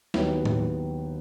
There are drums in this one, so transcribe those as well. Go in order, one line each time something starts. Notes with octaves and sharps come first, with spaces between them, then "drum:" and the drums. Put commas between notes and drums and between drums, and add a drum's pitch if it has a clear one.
D#2 D#3 F#3 B3 E4, drum: snare
drum: tom A2